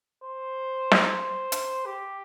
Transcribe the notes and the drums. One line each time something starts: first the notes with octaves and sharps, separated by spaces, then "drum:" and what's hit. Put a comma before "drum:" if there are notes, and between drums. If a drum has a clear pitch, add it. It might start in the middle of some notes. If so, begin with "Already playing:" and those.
C5
drum: snare
C5
drum: hi-hat
G4